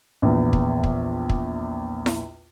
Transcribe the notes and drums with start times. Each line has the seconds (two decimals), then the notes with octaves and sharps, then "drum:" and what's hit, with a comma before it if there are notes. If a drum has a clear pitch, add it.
0.22 A#1 E2
0.53 drum: kick
0.84 drum: kick
1.29 drum: kick
2.06 drum: snare E4